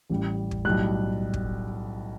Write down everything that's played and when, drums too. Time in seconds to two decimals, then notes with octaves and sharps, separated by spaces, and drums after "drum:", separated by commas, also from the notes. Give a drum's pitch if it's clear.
0.10 A1 A2 G3
0.51 drum: kick
0.65 B1 A2 G3 F#6
1.34 drum: kick